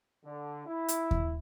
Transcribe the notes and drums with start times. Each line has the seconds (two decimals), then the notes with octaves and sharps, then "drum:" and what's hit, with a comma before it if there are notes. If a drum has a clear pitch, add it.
0.25 D3
0.66 E4
0.88 drum: hi-hat
1.11 drum: kick D#2